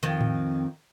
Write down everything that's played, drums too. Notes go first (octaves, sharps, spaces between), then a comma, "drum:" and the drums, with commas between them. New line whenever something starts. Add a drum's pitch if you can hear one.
F2 D#3
drum: tom A2